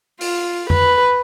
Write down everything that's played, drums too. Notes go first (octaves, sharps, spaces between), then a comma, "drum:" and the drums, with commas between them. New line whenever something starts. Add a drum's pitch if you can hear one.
F4, drum: open hi-hat
B4, drum: tom F2